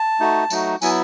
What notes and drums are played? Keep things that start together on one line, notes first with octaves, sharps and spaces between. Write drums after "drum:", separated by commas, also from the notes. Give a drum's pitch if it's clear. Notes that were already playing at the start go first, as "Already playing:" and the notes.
Already playing: A5
A3 D#4 F#4
F#3 A3 D#4 F#4, drum: tambourine
F#3 B3 E4 G#5, drum: tambourine